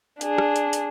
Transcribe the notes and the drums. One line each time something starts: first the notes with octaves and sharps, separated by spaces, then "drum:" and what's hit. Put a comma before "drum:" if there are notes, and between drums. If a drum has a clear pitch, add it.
D4 G#4, drum: hi-hat
drum: rim click
drum: hi-hat
drum: hi-hat